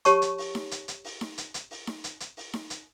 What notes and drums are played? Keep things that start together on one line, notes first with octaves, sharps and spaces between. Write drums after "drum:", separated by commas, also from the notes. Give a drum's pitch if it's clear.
G4 C#5 A5 C#6, drum: hi-hat
drum: hi-hat
drum: open hi-hat
drum: snare D#4
drum: hi-hat
drum: hi-hat
drum: open hi-hat
drum: snare D#4
drum: hi-hat
drum: hi-hat
drum: open hi-hat
drum: snare D#4
drum: hi-hat
drum: hi-hat
drum: open hi-hat
drum: snare D#4
drum: hi-hat